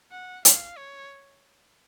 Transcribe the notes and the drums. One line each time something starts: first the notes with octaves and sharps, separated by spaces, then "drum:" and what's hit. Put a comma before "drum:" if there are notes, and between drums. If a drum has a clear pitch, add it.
F#5
F5, drum: hi-hat
C#5